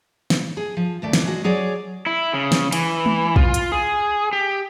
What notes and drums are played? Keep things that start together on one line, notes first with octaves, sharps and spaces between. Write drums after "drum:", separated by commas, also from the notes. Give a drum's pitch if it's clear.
drum: snare
G#4
F3
D#2 A3 D5
drum: snare
G#3 F#4
F#3 G#4 C#5 D5
E4
C#3
drum: snare
E3, drum: cymbal
drum: tom G#3
F4, drum: kick
drum: hi-hat
G#4
G4